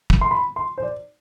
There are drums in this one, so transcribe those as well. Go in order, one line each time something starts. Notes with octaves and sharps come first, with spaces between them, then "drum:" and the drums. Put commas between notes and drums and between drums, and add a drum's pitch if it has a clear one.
drum: kick
C6
B5
C6
C5
D5